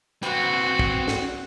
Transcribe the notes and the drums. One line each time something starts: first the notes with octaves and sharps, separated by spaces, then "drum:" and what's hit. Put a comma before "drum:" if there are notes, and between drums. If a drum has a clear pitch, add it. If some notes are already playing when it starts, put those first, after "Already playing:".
C4 F#4 B4, drum: hi-hat
drum: kick
drum: snare